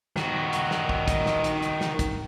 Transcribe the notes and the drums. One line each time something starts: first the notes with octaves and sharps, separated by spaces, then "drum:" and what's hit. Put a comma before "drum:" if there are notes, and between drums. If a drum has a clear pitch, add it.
D#3 F#4, drum: snare
drum: hi-hat
drum: snare
drum: kick
drum: kick, hi-hat
drum: snare
drum: hi-hat
drum: hi-hat
drum: snare
drum: kick, hi-hat